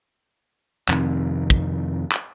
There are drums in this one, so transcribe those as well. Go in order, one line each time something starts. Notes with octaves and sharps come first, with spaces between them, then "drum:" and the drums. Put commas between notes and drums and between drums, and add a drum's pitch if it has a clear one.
F2 C3 D#3, drum: clap
drum: kick
drum: clap